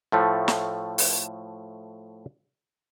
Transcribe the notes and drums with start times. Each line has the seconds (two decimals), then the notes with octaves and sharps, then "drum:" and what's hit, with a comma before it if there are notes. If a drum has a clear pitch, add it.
0.12 A2 F3 A3
0.48 drum: snare
0.98 drum: open hi-hat